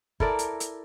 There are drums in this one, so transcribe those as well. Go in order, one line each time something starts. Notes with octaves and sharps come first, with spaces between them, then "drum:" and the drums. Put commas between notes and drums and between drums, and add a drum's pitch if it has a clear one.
E4 A4 A#4 D5, drum: kick
drum: hi-hat
drum: hi-hat